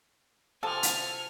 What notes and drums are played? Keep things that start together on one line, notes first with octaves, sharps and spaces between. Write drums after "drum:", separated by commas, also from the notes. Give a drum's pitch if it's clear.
C3 F3 A4 G#5 A5 F6
drum: hi-hat